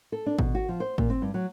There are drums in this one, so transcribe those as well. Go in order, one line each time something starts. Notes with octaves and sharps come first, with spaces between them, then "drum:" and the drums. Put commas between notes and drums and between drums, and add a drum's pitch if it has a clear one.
A4
D4
B2, drum: kick G#1
F#4
F3
C5
A#2, drum: kick G#1
C4
G2
F#3